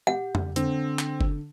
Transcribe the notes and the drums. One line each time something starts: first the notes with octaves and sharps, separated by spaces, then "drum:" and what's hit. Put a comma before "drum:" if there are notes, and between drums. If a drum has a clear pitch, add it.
G4 F#5
drum: tom F2
D3 C4, drum: hi-hat
drum: clap
drum: kick F#1